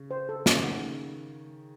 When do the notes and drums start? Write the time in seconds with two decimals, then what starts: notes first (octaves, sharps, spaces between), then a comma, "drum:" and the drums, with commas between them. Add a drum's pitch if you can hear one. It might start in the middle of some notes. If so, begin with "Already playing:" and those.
Already playing: C#3
0.11 C5
0.29 A4
0.46 C#3 C#4, drum: snare
0.63 D#3 F#5